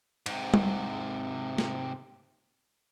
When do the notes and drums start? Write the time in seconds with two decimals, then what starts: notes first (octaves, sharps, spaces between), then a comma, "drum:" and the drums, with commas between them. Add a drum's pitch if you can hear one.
0.26 G#2 C3, drum: cymbal
0.54 drum: tom G3
1.58 drum: snare